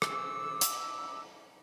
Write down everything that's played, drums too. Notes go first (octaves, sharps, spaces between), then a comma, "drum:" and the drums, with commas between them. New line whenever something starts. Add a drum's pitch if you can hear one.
D6 E6, drum: rim click
drum: hi-hat